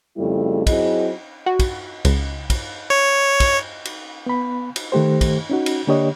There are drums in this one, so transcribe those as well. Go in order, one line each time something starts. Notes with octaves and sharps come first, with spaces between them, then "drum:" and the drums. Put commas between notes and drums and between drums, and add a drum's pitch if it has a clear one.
F2 C#3 G3 A3 E4
F#3 C4 E4 G#4 D#5, drum: kick, cymbal
F#4
drum: kick, cymbal
C#2, drum: cymbal
drum: kick, cymbal
C#5
drum: kick, cymbal
drum: cymbal
B3 B5
drum: cymbal
D#3 A3 G4 C5
drum: kick, cymbal
C#4 D#4 F#4
drum: cymbal
D3 A#3 D4 G4 C#5 D#5